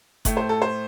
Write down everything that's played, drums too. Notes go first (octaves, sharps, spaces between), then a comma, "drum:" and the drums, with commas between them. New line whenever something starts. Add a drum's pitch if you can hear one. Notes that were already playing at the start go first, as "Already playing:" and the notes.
A2 A3, drum: kick F#1, hi-hat
C5
A4
C5